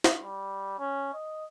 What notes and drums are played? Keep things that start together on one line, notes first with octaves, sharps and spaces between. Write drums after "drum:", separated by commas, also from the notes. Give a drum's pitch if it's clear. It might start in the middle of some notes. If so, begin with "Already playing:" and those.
drum: snare
G3
C#4
D#5